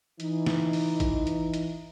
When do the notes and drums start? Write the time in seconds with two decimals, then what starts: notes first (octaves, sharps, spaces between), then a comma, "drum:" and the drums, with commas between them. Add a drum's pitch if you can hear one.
0.20 E3 D#4, drum: hi-hat
0.46 drum: snare
0.73 drum: open hi-hat
1.00 drum: kick A1, hi-hat
1.27 drum: hi-hat
1.54 drum: hi-hat